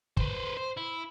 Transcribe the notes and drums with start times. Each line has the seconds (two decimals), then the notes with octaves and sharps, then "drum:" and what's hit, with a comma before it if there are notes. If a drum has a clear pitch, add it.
0.17 B4 C5, drum: kick
0.57 C5
0.77 E4